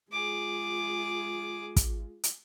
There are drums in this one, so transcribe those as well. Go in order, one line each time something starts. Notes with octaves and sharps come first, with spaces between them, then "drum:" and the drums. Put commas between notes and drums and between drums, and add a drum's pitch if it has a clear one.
G#3 F4 G#4 D6
drum: kick, hi-hat
drum: hi-hat